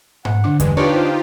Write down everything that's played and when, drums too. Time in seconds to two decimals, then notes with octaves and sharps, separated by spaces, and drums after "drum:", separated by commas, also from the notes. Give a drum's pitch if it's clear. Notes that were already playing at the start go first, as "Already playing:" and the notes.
0.25 F#5, drum: tom G#2
0.44 D3 D4 D6
0.60 G2 E3 G#3, drum: kick E2, hi-hat
0.77 D4 D#4 F4 G4 B4 C#5 D5 C#6
0.94 C5